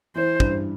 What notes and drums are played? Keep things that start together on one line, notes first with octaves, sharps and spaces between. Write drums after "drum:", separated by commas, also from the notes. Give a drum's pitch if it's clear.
E3 C5
G2, drum: kick